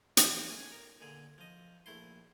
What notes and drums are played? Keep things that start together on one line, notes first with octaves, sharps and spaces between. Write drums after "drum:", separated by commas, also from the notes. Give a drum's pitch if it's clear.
A2 E3 F3 C4 D#4 E4, drum: hi-hat
A3 C#4 G#4
A#4
A#2 D3 G#4
F3 D#5
A#1 A3 E4 C6